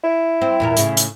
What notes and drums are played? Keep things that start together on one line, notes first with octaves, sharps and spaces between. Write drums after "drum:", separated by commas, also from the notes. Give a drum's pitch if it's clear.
E4
C4
E2 A#2 A#4
A2 C#3, drum: hi-hat
drum: hi-hat